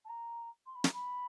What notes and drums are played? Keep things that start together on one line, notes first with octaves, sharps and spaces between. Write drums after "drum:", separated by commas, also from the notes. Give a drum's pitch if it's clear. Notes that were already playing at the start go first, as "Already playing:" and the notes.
A5
A#5
C6
B5
A#5, drum: snare
B5